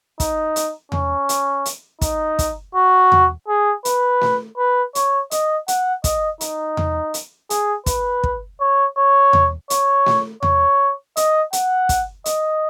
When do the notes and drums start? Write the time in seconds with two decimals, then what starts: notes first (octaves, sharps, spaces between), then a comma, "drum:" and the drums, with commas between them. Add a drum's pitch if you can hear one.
0.20 D#4, drum: kick, hi-hat
0.56 drum: hi-hat
0.92 C#4, drum: tom E2
1.29 drum: hi-hat
1.66 drum: hi-hat
2.01 D#4, drum: kick, hi-hat
2.39 drum: kick, hi-hat
2.75 F#4
3.12 drum: tom E2
3.48 G#4
3.85 B4, drum: hi-hat
4.21 drum: snare A3
4.57 B4
4.95 C#5, drum: hi-hat
5.31 D#5, drum: hi-hat
5.68 F#5, drum: hi-hat
6.04 D#5, drum: kick, hi-hat
6.41 D#4, drum: hi-hat
6.77 drum: tom E2
7.14 drum: hi-hat
7.50 G#4, drum: hi-hat
7.86 B4, drum: kick, hi-hat
8.24 drum: kick
8.60 C#5
8.97 C#5
9.33 drum: tom E2
9.70 C#5, drum: hi-hat
10.06 drum: snare A3
10.43 C#5, drum: tom E2
11.17 D#5, drum: hi-hat
11.53 F#5, drum: hi-hat
11.89 drum: kick, hi-hat
12.26 D#5, drum: hi-hat